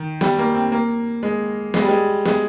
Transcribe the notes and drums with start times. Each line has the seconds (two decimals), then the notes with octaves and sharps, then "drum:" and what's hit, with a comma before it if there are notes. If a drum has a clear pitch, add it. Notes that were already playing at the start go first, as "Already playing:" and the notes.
Already playing: D#3
0.21 G3, drum: snare B3
0.39 A#3
0.55 C4
0.72 A#3
1.23 G#3
1.74 G#3, drum: snare B3
1.82 G3
1.89 G#3
2.26 G#3, drum: snare B3